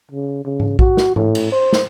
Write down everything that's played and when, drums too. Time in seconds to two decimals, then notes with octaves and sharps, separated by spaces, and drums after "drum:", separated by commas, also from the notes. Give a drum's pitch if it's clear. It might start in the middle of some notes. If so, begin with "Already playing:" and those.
0.11 C#3
0.45 C#3
0.60 drum: tom G#2
0.79 F#4, drum: kick
0.97 drum: snare
1.16 A2, drum: tom G#2
1.35 drum: cymbal
1.52 C5
1.73 drum: snare